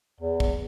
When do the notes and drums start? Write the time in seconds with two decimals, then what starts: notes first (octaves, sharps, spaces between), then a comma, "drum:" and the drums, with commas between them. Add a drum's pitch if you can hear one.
0.21 E2
0.40 drum: kick